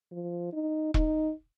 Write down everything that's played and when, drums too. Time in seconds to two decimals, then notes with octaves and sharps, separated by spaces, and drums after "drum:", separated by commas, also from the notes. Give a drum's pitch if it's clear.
0.12 F3
0.53 D#4
0.94 D#4, drum: kick E1